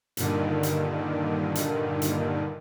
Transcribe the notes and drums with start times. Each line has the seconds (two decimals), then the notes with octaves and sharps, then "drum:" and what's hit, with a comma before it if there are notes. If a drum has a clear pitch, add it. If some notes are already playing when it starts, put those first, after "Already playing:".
0.17 G2 A#2 D3 D#3, drum: hi-hat
0.63 drum: hi-hat
1.55 drum: hi-hat
2.02 drum: hi-hat